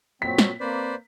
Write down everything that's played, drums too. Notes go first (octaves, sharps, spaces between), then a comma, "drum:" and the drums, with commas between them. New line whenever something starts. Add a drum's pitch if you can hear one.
A#2 F#3 C4 B6
drum: snare
A#3 C4 B4 C5 D5